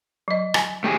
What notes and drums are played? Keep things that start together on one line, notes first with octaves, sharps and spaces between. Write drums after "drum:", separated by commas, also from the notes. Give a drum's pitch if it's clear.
F#3 D#5
G#5, drum: rim click
A3 G4 G#4